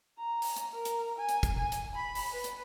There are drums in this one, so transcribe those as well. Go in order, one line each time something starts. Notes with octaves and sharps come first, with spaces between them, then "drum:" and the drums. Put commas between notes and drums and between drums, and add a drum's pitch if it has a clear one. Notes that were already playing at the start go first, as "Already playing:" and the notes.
A#5
drum: open hi-hat
drum: hi-hat
A#4
drum: hi-hat
G#5
drum: hi-hat
drum: kick, hi-hat
G#5
drum: hi-hat
B5
drum: open hi-hat
B4
drum: hi-hat